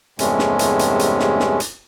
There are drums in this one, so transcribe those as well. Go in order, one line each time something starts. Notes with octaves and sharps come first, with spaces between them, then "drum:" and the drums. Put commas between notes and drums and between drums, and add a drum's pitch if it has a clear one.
E2 G2 C3 G#3 A3 C#4, drum: hi-hat
drum: snare
drum: hi-hat
drum: hi-hat
drum: hi-hat
drum: snare
drum: snare
drum: hi-hat